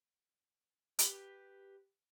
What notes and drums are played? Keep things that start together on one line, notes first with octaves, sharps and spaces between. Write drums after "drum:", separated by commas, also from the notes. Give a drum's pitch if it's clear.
G4 B4, drum: hi-hat